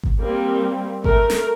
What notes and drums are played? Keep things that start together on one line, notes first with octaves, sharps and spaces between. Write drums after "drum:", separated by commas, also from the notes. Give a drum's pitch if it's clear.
drum: kick G#1
G3 A#3 C4
A3 A#4, drum: kick G#1
drum: snare